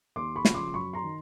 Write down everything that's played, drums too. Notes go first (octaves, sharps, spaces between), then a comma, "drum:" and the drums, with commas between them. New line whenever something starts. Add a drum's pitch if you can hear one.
D#2 C6 D6
B5 C#6
C#3 F3, drum: snare
C6 D6
F#2 B5 C#6
A#5 C6
D#3